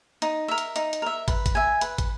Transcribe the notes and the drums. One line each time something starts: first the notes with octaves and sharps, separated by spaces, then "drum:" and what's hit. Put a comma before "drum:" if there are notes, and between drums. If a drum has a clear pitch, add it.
D#4, drum: hi-hat
A#4 E5
drum: hi-hat
D#4, drum: hi-hat
drum: hi-hat
A#4 E5
B4, drum: kick, hi-hat
drum: kick, hi-hat
E5 G#5
B4, drum: hi-hat
drum: kick, hi-hat